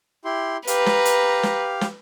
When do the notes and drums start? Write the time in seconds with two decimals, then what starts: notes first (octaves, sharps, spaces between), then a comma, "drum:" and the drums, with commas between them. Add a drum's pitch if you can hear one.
0.25 E4 G4 C6
0.67 G4 B4 F5 A#5, drum: hi-hat
0.86 drum: snare
1.05 drum: hi-hat
1.43 drum: snare
1.81 drum: snare